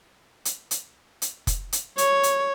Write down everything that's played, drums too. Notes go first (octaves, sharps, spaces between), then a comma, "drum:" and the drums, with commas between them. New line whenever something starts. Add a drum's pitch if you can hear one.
drum: hi-hat
drum: hi-hat
drum: hi-hat
drum: kick F1, hi-hat
drum: hi-hat
C#5, drum: hi-hat
drum: hi-hat